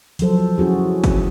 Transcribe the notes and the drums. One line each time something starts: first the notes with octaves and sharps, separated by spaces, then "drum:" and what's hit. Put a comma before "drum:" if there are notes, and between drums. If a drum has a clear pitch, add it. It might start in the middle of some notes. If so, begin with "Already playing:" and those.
F3 F#3 A4 C5, drum: hi-hat
C#4 E4 F#4 G#4
drum: kick G1, hi-hat